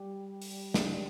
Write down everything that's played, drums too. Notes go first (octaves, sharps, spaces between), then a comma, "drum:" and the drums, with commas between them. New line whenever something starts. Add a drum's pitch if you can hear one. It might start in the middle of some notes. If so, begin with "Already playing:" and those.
Already playing: G3 G4
drum: open hi-hat
D4, drum: snare